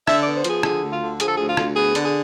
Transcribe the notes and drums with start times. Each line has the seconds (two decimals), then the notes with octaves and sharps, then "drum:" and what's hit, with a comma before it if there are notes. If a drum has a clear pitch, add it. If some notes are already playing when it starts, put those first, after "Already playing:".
0.07 D3 E5, drum: rim click
0.21 D5
0.26 B3
0.36 C5
0.44 F3 G#4, drum: hi-hat
0.63 D3 G#4, drum: rim click
0.82 D2
0.92 F4
1.01 D3
1.20 F3 G#4, drum: hi-hat
1.28 A4
1.37 D2 G#4
1.48 F4
1.57 D2, drum: rim click
1.76 B3 G#4
1.95 D3, drum: hi-hat
2.04 G#4